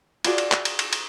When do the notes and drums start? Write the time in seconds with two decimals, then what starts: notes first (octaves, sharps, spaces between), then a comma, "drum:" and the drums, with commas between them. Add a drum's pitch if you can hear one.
0.24 F4 F#4 G#4 D5, drum: cymbal
0.38 drum: cymbal
0.52 drum: clap
0.65 drum: cymbal
0.79 drum: cymbal
0.93 drum: cymbal